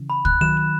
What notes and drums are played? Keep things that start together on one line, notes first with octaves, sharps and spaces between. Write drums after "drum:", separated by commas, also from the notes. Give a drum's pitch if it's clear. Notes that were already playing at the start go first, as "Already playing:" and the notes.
Already playing: C#3 E3
B5
F#6, drum: kick C#2
D#3 F#3 E7
E7